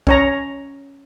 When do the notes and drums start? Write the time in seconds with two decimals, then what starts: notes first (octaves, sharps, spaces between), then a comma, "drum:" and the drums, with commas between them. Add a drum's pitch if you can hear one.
0.07 C#4 C#5 A#5, drum: kick